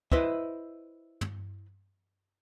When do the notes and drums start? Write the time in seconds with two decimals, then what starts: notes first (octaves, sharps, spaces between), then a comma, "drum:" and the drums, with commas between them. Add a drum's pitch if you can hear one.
0.12 E4 B4 C5 D#5 E5, drum: kick
1.21 drum: tom